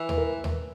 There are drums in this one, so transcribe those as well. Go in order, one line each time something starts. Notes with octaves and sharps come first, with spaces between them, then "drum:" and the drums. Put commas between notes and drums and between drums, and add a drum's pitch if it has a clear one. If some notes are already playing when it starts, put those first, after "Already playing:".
Already playing: E3
B4, drum: tom D#2
A#4
drum: tom D#2